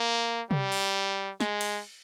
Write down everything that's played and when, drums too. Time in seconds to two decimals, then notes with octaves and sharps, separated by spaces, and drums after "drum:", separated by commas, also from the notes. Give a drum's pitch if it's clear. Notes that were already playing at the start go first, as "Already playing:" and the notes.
Already playing: A#3
0.51 G3, drum: tom C3
0.72 drum: open hi-hat
1.40 G#3, drum: snare
1.61 drum: cymbal